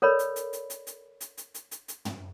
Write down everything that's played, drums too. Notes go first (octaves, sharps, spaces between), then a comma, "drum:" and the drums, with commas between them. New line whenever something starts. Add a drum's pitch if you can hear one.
A4 A#4 C#5 D5 B5
drum: hi-hat
drum: hi-hat
drum: hi-hat
drum: hi-hat
drum: hi-hat
drum: hi-hat
drum: hi-hat
drum: hi-hat
drum: hi-hat
drum: hi-hat
drum: tom